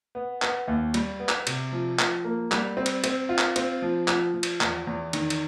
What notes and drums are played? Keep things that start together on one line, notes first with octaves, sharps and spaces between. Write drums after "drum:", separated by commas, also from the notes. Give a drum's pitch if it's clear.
B3
B3, drum: clap
D#2
G3, drum: cymbal
B3
drum: clap
C3, drum: cymbal
F3
F3, drum: clap
A#3
G3, drum: clap
C4
drum: cymbal
C4, drum: cymbal
F4
drum: clap
C4, drum: cymbal
F3
F3, drum: clap
F3
drum: cymbal
E2, drum: clap
E2
D#3, drum: cymbal
drum: cymbal